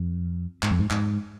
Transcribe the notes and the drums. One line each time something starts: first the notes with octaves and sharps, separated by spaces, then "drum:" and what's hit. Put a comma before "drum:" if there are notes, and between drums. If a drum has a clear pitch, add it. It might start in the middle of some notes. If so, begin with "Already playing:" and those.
Already playing: F2
G#2, drum: clap
F2
G#2
G#2, drum: clap